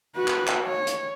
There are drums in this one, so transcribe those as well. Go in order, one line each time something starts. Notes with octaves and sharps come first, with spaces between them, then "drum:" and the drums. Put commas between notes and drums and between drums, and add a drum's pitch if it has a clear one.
F#4 B4
drum: clap
drum: clap
C#5
drum: hi-hat